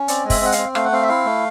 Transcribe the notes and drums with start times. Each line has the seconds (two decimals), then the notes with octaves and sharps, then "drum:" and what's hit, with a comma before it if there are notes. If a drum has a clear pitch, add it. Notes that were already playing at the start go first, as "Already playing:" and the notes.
Already playing: C#4
0.08 C4 D5, drum: hi-hat
0.24 G#3
0.30 E5, drum: kick F#1, open hi-hat
0.41 C4 F#5
0.52 F5, drum: hi-hat
0.58 C4
0.75 A3 F5, drum: rim click
0.85 F#5
0.92 C4 F5
1.03 E5
1.09 E4 F5
1.25 A3